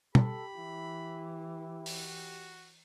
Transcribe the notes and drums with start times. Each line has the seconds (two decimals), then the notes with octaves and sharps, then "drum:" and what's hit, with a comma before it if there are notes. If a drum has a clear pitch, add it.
0.15 G4 A4 B5, drum: tom
0.57 E3 E4
1.86 F#4, drum: open hi-hat